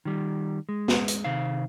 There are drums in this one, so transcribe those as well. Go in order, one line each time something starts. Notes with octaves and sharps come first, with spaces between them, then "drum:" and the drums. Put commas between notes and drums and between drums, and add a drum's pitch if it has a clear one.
D#3 G3
G#3
drum: snare
drum: hi-hat
C3 D#3 F5